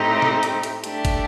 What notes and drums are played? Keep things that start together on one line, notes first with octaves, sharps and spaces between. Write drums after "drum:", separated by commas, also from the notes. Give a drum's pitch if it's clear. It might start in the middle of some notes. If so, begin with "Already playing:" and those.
Already playing: A2 A3 C4 D#4 G4
drum: snare
drum: hi-hat
drum: hi-hat
A3 D4 G4, drum: hi-hat
drum: kick, hi-hat